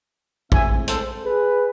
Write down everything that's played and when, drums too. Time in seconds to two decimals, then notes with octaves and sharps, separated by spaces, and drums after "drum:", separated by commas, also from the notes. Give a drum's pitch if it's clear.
0.52 A2 G#3 C4 E5 G#5, drum: kick A1
0.88 A4 C5, drum: hi-hat
1.24 G#4 B4